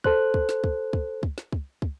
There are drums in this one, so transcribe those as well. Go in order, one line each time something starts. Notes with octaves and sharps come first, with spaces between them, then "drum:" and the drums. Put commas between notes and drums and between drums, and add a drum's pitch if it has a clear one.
A4 C5 F#6, drum: kick
drum: kick
drum: snare
drum: kick
drum: kick
drum: kick
drum: snare
drum: kick
drum: kick